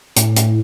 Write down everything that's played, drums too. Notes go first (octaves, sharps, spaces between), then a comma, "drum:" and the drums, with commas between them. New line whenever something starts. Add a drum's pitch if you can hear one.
A2, drum: hi-hat
drum: hi-hat